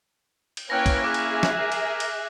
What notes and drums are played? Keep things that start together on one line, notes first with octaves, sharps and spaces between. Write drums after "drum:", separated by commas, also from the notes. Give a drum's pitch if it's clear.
drum: cymbal
A#3 C#4 E4 B4 C#5 G5 F#6 A#6
drum: kick, cymbal
G#4 E5 D6 F#6
drum: cymbal
drum: snare
A#4
drum: cymbal
drum: cymbal